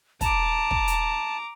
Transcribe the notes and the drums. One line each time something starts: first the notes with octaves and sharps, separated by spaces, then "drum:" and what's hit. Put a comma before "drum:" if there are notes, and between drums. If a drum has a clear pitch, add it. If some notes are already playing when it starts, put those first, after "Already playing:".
A5 A#5 D6, drum: kick, hi-hat
drum: kick
drum: hi-hat